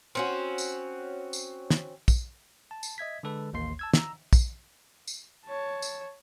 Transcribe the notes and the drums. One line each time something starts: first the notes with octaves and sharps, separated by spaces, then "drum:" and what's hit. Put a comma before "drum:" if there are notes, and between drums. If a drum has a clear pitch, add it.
C4 C#4 F#4
drum: tambourine
drum: tambourine
drum: snare
drum: kick, tambourine
A5
drum: tambourine
D#5 E5 G#6 B6
D3 G#3 A4 B4
A1 D#2 A#3 C6 C7
A5 E6 G#6
A#5 E6, drum: snare
drum: kick, tambourine
drum: tambourine
C#5 A5
drum: tambourine